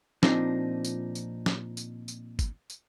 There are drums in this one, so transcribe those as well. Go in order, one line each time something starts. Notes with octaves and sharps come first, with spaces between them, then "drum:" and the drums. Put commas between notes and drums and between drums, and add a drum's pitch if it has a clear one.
A#2 F3 C4 D4 D#4, drum: snare
drum: tambourine
drum: tambourine
drum: snare
drum: tambourine
drum: tambourine
drum: kick, tambourine
drum: tambourine